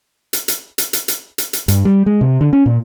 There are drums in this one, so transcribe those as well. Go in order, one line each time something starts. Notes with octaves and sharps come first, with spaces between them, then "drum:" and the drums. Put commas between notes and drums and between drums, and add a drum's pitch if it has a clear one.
drum: hi-hat
drum: hi-hat
drum: hi-hat
drum: hi-hat
drum: hi-hat
drum: hi-hat
drum: hi-hat
G2, drum: hi-hat
G3
G#3
C3
D3
C#4
A#2